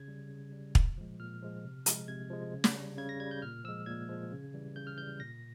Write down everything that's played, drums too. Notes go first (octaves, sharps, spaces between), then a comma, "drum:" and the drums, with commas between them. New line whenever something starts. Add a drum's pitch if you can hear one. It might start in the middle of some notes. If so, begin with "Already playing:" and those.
Already playing: C#3 G#6
G3
C#3
G3
A#2, drum: kick
F3 G#3
A#2 F6
F3 G#3
C3
F3 G#3, drum: hi-hat
C3 G#6
F3 G#3
C#3
drum: snare
G3
C#3 G#6
A#6
G3 G#6
G6
A#2 F6
F3 G#3 E6
A#2 G#6
F3 G#3
C#3
E3 G3
C#3 G6
F6
E3 G3 G6
A#2 A#6